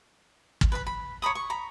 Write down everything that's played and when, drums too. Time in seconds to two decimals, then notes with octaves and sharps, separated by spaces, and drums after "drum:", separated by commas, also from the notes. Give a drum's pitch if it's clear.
0.61 drum: kick
0.72 B4 D5 B5
0.87 B5
1.22 C#5 A#5 B5 D#6
1.35 C#6
1.50 A#5 B5